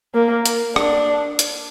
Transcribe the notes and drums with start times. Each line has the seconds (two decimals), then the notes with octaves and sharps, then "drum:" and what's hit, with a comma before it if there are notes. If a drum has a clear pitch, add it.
0.15 A#3
0.46 drum: hi-hat
0.76 D4, drum: rim click
1.39 drum: hi-hat